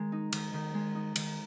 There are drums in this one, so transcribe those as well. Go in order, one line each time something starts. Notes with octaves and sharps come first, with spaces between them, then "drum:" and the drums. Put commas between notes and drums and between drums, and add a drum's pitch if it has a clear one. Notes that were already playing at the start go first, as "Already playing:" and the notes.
Already playing: D#3 G#3
D#4
D#3, drum: cymbal
D#3
G#3
D#4
D#3, drum: cymbal